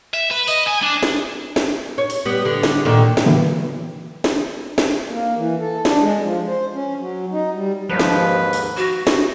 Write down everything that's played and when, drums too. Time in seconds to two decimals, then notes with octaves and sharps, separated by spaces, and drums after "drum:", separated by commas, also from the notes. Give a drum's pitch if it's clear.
0.14 E5
0.31 B4
0.48 D#5, drum: open hi-hat
0.67 G#5
0.82 D4
1.03 drum: snare
1.56 drum: snare
1.98 C#5
2.10 drum: open hi-hat
2.25 G3 B3
2.45 D3
2.63 drum: snare
2.85 A#2 D3 D#3
3.17 drum: snare
3.26 D3 E3 F#3 A#3 B3
4.24 drum: snare
4.78 drum: snare
5.08 A#3
5.37 E3
5.60 A4
5.85 D4, drum: snare
6.01 G#3
6.21 F3
6.47 C5
6.74 C#4
6.99 F#3
7.32 D#4
7.53 G3
7.89 D#2 G#2 F3 B4
7.99 drum: snare
8.53 drum: open hi-hat
8.77 F#4
9.07 drum: snare